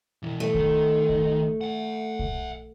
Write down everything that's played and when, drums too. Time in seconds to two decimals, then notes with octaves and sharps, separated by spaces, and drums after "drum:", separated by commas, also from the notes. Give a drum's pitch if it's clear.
0.23 B2 E3
0.40 A3
0.55 D#3, drum: kick
1.10 drum: kick
1.61 E5 F#5
2.19 drum: kick